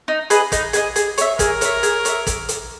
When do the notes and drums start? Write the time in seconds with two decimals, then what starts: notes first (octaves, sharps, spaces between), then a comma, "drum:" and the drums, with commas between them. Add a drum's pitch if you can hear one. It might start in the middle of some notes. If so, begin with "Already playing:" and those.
0.08 D#4
0.30 G#4 B4 D#5, drum: hi-hat
0.52 D#4, drum: kick, hi-hat
0.73 G#4 B4 D#5, drum: hi-hat
0.96 G#4, drum: hi-hat
1.18 C#5 E5, drum: hi-hat
1.39 G#4 A#4, drum: kick, hi-hat
1.61 C#5 E5, drum: hi-hat
1.83 G#4, drum: hi-hat
2.05 C#5 E5, drum: hi-hat
2.27 drum: kick, hi-hat
2.49 drum: hi-hat